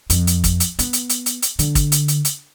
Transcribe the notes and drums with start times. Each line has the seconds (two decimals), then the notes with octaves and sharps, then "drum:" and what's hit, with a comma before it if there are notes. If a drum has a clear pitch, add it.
0.10 F2, drum: hi-hat
0.27 drum: hi-hat
0.44 drum: kick, hi-hat
0.60 drum: hi-hat
0.79 B3, drum: hi-hat
0.93 drum: hi-hat
1.09 drum: hi-hat
1.26 drum: hi-hat
1.42 drum: hi-hat
1.59 D3, drum: hi-hat
1.75 drum: kick, hi-hat
1.92 drum: hi-hat
2.08 drum: hi-hat
2.25 drum: hi-hat